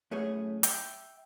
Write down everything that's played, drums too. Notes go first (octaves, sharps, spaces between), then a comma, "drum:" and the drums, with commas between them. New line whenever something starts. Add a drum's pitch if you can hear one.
F#2 A2 A3 G#4 C#5
E5 G5, drum: hi-hat